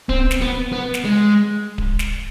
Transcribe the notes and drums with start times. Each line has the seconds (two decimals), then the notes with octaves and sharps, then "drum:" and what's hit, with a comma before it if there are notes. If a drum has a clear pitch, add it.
0.09 C4, drum: kick D1
0.31 drum: snare
0.41 B3
0.72 B3
0.94 drum: snare
1.05 G#3
1.78 drum: kick D1
1.99 drum: snare